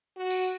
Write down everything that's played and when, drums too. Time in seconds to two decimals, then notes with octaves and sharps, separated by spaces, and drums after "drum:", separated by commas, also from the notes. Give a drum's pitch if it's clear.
0.17 F#4
0.30 drum: tambourine